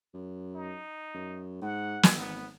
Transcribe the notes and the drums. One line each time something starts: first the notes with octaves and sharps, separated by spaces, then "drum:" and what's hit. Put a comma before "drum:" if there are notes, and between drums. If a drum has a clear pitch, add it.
F#2
D#4
F#2
G#2 F#5
drum: snare
G#1 B3